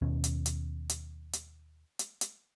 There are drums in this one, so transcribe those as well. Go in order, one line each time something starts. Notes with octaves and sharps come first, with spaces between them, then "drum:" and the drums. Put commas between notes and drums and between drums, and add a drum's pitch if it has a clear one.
D#2 B2 C#4
drum: hi-hat
drum: hi-hat
drum: hi-hat
drum: hi-hat
drum: hi-hat
drum: hi-hat